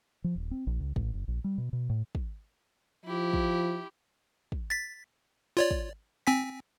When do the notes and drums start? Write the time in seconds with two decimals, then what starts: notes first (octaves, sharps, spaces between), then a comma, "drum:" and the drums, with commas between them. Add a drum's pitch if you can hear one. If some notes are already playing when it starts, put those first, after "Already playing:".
0.24 F3
0.36 D#1
0.51 C4
0.67 A#1
0.80 C#2
0.96 A1, drum: kick
1.14 F#1
1.28 A#1
1.44 G3
1.58 B2
1.73 B2
1.89 A2
2.15 drum: kick
3.05 F3 E4 G4
3.33 drum: kick
4.52 drum: kick
4.70 A6 B6
5.57 F4 C#5 D5
5.71 drum: kick
6.27 C4 G#5 B6